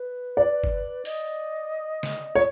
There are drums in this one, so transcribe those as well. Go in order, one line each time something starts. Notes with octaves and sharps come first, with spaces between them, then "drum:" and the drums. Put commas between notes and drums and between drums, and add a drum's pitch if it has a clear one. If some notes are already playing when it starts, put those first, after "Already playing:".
Already playing: B4
D5
drum: kick G1
D#5, drum: open hi-hat
drum: snare
C#5